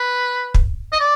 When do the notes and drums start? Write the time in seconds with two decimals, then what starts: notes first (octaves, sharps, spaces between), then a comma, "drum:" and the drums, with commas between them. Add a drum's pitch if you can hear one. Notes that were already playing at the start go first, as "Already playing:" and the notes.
Already playing: B4
0.54 drum: kick
0.93 D#5
1.00 D5